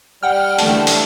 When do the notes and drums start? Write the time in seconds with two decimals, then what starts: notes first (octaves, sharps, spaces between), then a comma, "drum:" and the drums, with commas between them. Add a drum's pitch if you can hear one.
0.23 G3 F#5 G5 F6
0.59 D3 E3 A3 A5, drum: open hi-hat
0.87 drum: open hi-hat